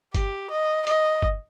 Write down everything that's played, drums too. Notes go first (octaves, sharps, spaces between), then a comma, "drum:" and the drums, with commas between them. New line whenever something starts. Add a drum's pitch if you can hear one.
G4, drum: kick G1, hi-hat
D#5
D#5, drum: hi-hat
drum: kick G1